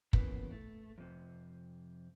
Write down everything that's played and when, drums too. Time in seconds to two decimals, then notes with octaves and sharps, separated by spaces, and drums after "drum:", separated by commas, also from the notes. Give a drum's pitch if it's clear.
0.13 C#3 E3 A#3 B3, drum: kick
0.51 A3
0.98 F2 C3